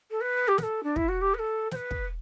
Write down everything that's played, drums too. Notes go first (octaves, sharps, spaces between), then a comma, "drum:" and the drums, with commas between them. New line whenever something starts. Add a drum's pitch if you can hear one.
A4
B4
G4
B4, drum: snare
A4
D4
E4, drum: kick
F#4
G4
B4
A4
C5, drum: snare
B4
drum: kick